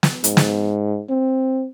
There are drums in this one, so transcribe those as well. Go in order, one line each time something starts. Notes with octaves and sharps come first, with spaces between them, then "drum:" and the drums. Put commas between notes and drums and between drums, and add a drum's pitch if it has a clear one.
drum: snare
G#2, drum: hi-hat
drum: snare
C4